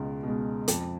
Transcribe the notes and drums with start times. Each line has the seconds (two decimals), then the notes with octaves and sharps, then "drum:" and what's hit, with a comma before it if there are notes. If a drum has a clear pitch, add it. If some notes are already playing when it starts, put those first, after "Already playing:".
Already playing: C#2 B2 G#3
0.23 B2 G#3
0.68 F2, drum: hi-hat